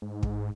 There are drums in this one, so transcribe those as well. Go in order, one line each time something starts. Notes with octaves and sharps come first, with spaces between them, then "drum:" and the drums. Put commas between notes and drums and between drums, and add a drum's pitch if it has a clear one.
G#2
drum: kick